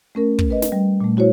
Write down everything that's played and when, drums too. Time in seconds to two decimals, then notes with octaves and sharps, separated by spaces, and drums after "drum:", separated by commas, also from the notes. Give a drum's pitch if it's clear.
0.15 A3 C#4 A#4
0.39 drum: kick
0.50 B4 D#5
0.62 drum: snare
0.72 G3
1.01 A#2 A3
1.17 E4 F#4 C5 C#5